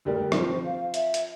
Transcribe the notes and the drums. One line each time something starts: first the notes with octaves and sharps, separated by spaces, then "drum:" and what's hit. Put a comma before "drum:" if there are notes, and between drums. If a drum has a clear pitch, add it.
D2 G3 A#4
F3 C4 F4, drum: rim click
C5
F5
E5, drum: hi-hat
drum: hi-hat